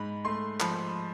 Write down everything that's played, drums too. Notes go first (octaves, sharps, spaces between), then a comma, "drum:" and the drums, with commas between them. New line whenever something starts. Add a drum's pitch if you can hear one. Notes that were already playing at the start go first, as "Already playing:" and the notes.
Already playing: G#2 B5
A3 C6
F3 B5, drum: clap